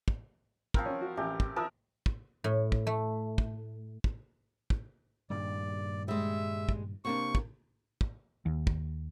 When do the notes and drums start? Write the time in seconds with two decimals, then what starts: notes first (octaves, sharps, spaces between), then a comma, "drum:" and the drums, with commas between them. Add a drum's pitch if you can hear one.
0.08 drum: kick
0.74 F3 C4 A#4, drum: kick
0.86 C#4
1.01 F#4
1.17 A1 G4
1.40 drum: kick
1.56 A#4 A5 D#6 E6
2.06 drum: kick
2.44 A2
2.72 drum: kick
2.87 A3
3.38 drum: kick
4.04 drum: kick
4.70 drum: kick
5.30 G2 A#2 D#3 D5
6.08 G3 G#3 E5
6.69 drum: kick
7.05 C3 A#3 D4 C#6
7.35 drum: kick
8.01 drum: kick
8.46 D#2
8.67 drum: kick